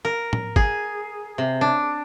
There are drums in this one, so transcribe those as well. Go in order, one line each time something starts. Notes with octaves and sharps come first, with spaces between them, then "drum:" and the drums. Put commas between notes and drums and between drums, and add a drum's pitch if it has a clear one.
A#4
drum: tom A2
G#4, drum: kick
C3
D4